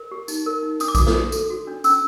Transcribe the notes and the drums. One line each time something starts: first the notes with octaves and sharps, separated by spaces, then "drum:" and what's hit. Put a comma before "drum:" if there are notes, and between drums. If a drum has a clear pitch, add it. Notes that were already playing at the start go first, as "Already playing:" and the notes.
Already playing: A#4
G4
D#4, drum: tambourine
A#4
D#4
D4 D#6, drum: tambourine
D6
F#4 D#6, drum: kick A#1, tambourine
drum: snare
F#4
A4, drum: tambourine
F#4
D4
C#4 E6, drum: tambourine